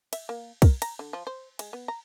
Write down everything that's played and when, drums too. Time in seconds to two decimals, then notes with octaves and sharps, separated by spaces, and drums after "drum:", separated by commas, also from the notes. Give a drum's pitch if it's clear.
0.13 E5, drum: cymbal
0.29 A#3
0.62 A#4, drum: kick, cymbal
0.82 A#5, drum: cymbal
0.99 D3
1.13 F3
1.27 C5
1.59 G#3, drum: cymbal
1.73 B3
1.88 A#5